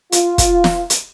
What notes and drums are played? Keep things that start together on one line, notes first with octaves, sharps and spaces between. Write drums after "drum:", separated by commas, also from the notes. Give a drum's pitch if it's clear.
F4, drum: hi-hat
drum: kick, hi-hat
drum: snare
drum: hi-hat